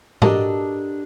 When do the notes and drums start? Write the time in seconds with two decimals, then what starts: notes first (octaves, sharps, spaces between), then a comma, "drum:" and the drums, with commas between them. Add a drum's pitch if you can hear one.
0.22 D4 F#4 G4 A4 A#4 D#5, drum: tom G#2